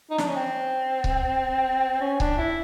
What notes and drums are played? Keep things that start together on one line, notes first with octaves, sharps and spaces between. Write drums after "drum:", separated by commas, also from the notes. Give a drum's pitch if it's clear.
D#4
D4, drum: snare
C#4
C4
drum: kick C#1
C#4
D4, drum: kick C#1
E4